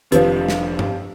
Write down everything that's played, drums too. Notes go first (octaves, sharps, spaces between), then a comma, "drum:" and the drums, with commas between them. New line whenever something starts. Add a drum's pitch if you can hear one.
F1 F2 C3 F3 D4 B4, drum: hi-hat
drum: snare
drum: tom G2